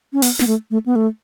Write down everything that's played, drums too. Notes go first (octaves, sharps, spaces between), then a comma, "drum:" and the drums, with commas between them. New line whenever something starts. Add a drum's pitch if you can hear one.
C#4
B3, drum: open hi-hat
B3, drum: snare
A3
A3
B3
A3